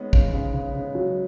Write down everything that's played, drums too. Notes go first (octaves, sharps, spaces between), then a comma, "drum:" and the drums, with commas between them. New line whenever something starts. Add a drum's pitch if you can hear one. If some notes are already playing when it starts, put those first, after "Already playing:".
Already playing: G#3 B3 C#4 D#4
C#3, drum: kick
C#3
C#3
C#3
F#3